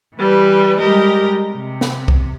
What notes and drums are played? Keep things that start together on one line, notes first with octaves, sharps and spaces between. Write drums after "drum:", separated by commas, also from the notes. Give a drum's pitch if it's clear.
E3 G3 B4
G3 G#3 G4 A#4 D#5
C3
drum: snare
drum: kick C2